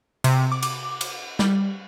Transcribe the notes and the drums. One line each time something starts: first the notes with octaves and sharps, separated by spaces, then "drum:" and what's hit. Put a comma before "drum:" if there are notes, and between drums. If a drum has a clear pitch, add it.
C3, drum: cymbal
D6
drum: cymbal
drum: cymbal
G3, drum: snare